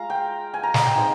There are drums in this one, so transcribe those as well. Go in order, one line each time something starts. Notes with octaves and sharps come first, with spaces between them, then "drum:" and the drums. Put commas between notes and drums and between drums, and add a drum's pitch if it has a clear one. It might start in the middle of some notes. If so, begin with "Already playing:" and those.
Already playing: G#3 F4 F5 A#5
G5
G#5
A#5
A#5, drum: snare
G5
G#3 C4 D#4 G5